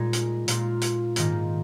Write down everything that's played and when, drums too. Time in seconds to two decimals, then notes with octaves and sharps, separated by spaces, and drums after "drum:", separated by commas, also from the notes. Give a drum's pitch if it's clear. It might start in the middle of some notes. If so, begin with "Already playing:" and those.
Already playing: A#2 G#3 D#4
0.13 drum: hi-hat
0.48 A#2 A#3 F4, drum: hi-hat
0.81 drum: hi-hat
1.16 G#2 D#3 A#3 D#4, drum: hi-hat